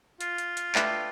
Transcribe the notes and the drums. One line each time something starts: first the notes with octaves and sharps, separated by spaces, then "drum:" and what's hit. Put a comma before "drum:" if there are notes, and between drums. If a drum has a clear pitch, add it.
F4, drum: hi-hat
drum: hi-hat
drum: hi-hat
A3 D4 G4 B4, drum: clap